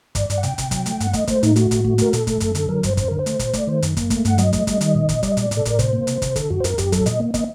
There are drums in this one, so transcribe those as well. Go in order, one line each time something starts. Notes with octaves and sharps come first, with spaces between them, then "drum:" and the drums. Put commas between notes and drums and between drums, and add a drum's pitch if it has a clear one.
G2 D5, drum: kick, hi-hat
G2, drum: hi-hat
F#5
C3 G5, drum: hi-hat
C3, drum: kick, hi-hat
F#3, drum: kick, hi-hat
A3, drum: hi-hat
G2 F#5, drum: hi-hat
A3 D#5, drum: kick, hi-hat
A3 C5, drum: kick, hi-hat
A2 D#4, drum: hi-hat
A3 F#4, drum: hi-hat
A2, drum: kick, hi-hat
A3, drum: kick
A3 A#4, drum: hi-hat
A#2 A4, drum: hi-hat
A3, drum: kick, hi-hat
F#2, drum: kick, hi-hat
D3, drum: hi-hat
F#3 A#4
G2 C5, drum: kick, hi-hat
F#2 C5, drum: kick, hi-hat
D3 A#4
C5
A3, drum: hi-hat
A#2, drum: kick, hi-hat
A3 D5, drum: kick, hi-hat
D#3 C5
F#2, drum: hi-hat
A#3, drum: kick, hi-hat
A3, drum: kick, hi-hat
G2 F#5, drum: hi-hat
F#3 D#5, drum: hi-hat
A3, drum: kick, hi-hat
G3, drum: kick, hi-hat
D#3, drum: hi-hat
A#2
A#2, drum: kick, hi-hat
G3 D5, drum: kick, hi-hat
D#5
A#2 D5, drum: hi-hat
A2, drum: hi-hat
A4
A2 A#4, drum: kick, hi-hat
C3 C5, drum: kick, hi-hat
A#3
C3, drum: hi-hat
C3, drum: kick, hi-hat
D3 A4, drum: kick, hi-hat
F#2 F#4
C5
F#2 A#4, drum: hi-hat
F#2 G4, drum: kick, hi-hat
F#3 A4, drum: kick, hi-hat
A#2 D#5, drum: hi-hat
A#3
A#3 D#5, drum: kick, hi-hat